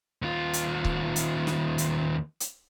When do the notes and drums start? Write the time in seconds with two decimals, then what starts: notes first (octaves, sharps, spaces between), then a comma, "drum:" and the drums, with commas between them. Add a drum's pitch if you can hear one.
0.22 D#2 F4
0.53 drum: hi-hat
0.85 drum: kick C#1
1.16 drum: hi-hat
1.47 drum: snare
1.78 drum: hi-hat
2.40 drum: hi-hat